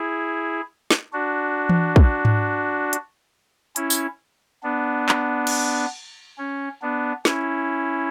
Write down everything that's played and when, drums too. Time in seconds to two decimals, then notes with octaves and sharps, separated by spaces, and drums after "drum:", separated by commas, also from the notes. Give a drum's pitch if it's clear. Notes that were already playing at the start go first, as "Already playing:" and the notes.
Already playing: E4 G#4
0.91 drum: snare
1.13 D4 F#4
1.69 drum: tom E3
1.96 drum: kick
2.25 drum: tom G#2
2.93 drum: hi-hat
3.76 C#4 E4, drum: hi-hat
3.90 drum: tambourine
4.63 B3 D4
5.09 drum: clap
5.47 drum: cymbal
6.38 C#4
6.82 B3 D4
7.25 C#4 E4, drum: snare